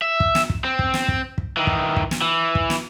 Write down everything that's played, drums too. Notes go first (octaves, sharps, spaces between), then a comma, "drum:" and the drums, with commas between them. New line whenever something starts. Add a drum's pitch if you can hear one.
E5
drum: kick
drum: snare
drum: kick
C4
drum: kick
drum: snare
drum: kick
drum: kick
D#3 E3
drum: kick
drum: kick
drum: snare
E3
drum: kick
drum: snare